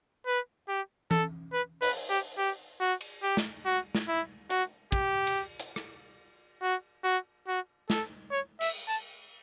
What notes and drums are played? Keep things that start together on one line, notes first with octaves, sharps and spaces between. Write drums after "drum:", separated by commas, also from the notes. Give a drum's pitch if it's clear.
B4
G4
A4, drum: tom E3
B4
B4, drum: open hi-hat
G4
G4
F#4
drum: cymbal
G4
drum: snare
F#4
drum: snare
E4
F#4, drum: hi-hat
G4, drum: kick
drum: cymbal
drum: hi-hat
drum: rim click
F#4
F#4
F#4
A4, drum: snare
C#5
E5, drum: cymbal
A5